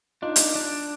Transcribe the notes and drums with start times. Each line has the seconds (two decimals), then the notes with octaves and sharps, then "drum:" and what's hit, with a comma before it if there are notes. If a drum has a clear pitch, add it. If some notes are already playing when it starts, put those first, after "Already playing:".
0.22 D4 D#4 F4
0.36 drum: hi-hat
0.56 D4